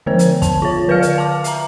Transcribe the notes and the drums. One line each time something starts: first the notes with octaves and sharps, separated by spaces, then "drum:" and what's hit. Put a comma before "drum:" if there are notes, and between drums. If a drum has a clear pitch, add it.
D3 F3 B3 C5
drum: hi-hat
A5, drum: kick, hi-hat
F4 C#5
D3 B4 D5 F5 F6
drum: hi-hat
F5 A5 D6
E5 A#5, drum: hi-hat